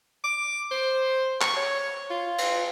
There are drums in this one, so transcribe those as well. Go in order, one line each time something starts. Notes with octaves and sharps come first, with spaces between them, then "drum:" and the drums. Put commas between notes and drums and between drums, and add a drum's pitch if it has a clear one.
D6
C5
C#6, drum: clap
C#5
F4
drum: cymbal